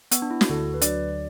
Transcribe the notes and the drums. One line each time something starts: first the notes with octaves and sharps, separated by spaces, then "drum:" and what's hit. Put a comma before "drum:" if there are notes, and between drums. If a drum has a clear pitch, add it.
B3, drum: hi-hat
D4
E4
F#4, drum: snare
D2 A4
B4
D3 F#3 D5, drum: hi-hat